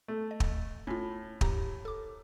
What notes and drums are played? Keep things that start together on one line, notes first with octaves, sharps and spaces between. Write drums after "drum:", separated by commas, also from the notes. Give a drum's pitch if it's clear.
A3
D#5
drum: kick
A2 C#4 F4
G2 G4 A#5, drum: kick
A4 D6